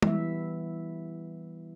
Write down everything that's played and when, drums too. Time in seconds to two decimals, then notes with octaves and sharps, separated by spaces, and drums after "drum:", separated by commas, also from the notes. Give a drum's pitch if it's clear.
0.03 E3 G3 B3 E4 E5, drum: tom G#3